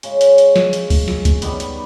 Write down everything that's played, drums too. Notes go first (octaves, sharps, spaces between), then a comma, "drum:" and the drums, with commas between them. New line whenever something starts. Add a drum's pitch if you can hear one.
C#3 G#3 C#4 G#4, drum: hi-hat
drum: hi-hat
drum: hi-hat
drum: snare
drum: hi-hat
drum: kick C#2, open hi-hat
drum: snare
drum: kick C#2, hi-hat
D#3 G3 B3, drum: hi-hat
drum: hi-hat